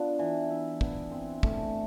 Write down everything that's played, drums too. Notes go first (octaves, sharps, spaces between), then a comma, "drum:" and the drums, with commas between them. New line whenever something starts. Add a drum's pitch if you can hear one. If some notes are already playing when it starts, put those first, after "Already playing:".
Already playing: B3 D4 F4
E3
E4
B3, drum: kick
C4
A3, drum: kick